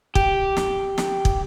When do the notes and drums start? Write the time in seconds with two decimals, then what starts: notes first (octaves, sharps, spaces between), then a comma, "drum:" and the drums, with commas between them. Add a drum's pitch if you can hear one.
0.15 G4, drum: kick
0.56 drum: snare
0.98 drum: snare
1.25 drum: kick